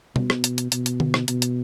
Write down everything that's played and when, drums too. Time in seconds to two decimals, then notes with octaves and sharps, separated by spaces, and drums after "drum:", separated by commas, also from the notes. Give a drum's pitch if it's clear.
0.16 B2, drum: tom B2
0.30 drum: rim click
0.44 drum: hi-hat
0.58 drum: hi-hat
0.72 B2, drum: hi-hat
0.86 drum: hi-hat
1.00 drum: tom D3
1.14 drum: rim click
1.28 B2, drum: hi-hat
1.42 drum: hi-hat